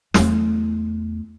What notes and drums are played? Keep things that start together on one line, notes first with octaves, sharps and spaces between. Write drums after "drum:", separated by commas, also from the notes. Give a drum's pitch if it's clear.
E2 A3, drum: snare